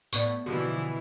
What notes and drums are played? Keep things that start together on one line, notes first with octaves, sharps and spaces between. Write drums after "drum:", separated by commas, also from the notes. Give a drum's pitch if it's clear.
A2 B3 D5 C#6, drum: tambourine
B2 D3 E3 F3 E4 F#4 G4